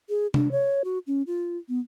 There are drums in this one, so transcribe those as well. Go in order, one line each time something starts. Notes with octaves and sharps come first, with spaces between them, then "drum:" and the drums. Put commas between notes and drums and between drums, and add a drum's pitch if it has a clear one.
G#4
D4, drum: tom C3
C#5
F#4
C#4
F4
B3